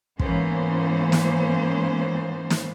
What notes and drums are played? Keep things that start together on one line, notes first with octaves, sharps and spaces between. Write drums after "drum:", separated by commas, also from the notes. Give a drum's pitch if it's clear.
G#2 E3 A#3 B3 C#4 C5, drum: kick
drum: snare
drum: snare